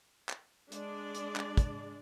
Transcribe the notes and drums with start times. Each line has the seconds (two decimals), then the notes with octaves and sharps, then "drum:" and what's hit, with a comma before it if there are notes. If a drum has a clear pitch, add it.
0.29 drum: clap
0.72 G#3 D4 D5, drum: hi-hat
1.15 drum: hi-hat
1.36 drum: clap
1.57 drum: kick, hi-hat